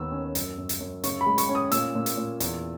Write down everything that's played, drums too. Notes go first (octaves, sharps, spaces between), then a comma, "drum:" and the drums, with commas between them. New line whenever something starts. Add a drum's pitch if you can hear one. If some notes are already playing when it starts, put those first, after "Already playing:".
Already playing: D#2 D#3 B3 E6
C#4
F#2, drum: hi-hat
F#2
drum: hi-hat
F#2
C#3 C#6, drum: hi-hat
B5
G#3
C#6, drum: hi-hat
C#4
D#6
A#2 E6, drum: hi-hat
A#2
drum: hi-hat
A#2
E2, drum: hi-hat